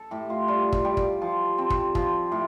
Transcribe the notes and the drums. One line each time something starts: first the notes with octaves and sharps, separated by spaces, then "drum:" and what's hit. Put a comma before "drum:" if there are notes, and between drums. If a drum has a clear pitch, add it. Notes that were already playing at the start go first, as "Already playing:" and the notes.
Already playing: A4
A2 G4
F4
G3 F4
drum: kick
G3 G4
drum: kick
F3
C4
drum: kick
F3, drum: kick
A2 G4